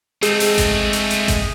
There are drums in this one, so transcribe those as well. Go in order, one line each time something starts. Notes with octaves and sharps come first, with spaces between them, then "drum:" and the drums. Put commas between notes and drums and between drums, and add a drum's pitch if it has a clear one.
G#3 A3 C4 G#4 D#5, drum: hi-hat
drum: open hi-hat
drum: kick G#1, hi-hat
drum: hi-hat
drum: hi-hat
drum: kick G#1, hi-hat